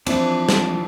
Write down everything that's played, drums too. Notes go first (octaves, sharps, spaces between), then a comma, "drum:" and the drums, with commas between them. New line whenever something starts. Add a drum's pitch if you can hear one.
E3 F3 C4 D4 E4, drum: cymbal
drum: snare